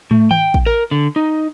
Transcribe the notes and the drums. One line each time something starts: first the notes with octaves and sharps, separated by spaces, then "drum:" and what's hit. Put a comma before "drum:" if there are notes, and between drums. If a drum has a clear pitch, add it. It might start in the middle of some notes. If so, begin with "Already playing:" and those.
A3, drum: tom
G5, drum: tom D#3
drum: kick
A#4
D3
D#4